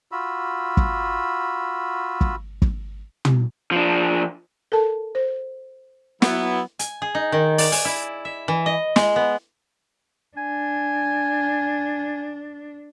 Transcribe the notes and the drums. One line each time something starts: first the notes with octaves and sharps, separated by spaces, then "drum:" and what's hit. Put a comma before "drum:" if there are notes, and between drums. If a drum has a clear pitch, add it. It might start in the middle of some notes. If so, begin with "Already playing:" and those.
F4 F#4 B5 E6
drum: kick
drum: kick
drum: kick
drum: tom
F3 D4
A4 A#4 A5
C5
F#3 B3 E4, drum: snare
G#5, drum: hi-hat
G#4
D#4
D#3
D5, drum: open hi-hat
G#5, drum: open hi-hat
E4
E5
E3
D#5
G#3, drum: snare
B3
D4 G#5